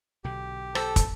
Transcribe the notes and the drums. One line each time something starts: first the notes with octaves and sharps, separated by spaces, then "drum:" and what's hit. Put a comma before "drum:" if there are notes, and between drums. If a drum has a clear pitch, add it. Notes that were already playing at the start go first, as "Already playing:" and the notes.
B1 B2 D3 G4
A4 C5 E6, drum: rim click
drum: kick, hi-hat